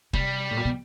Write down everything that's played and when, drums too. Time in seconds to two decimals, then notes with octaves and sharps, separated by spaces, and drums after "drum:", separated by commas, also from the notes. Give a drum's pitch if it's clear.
0.13 C3 G3, drum: kick
0.51 A2
0.57 A#2
0.65 B2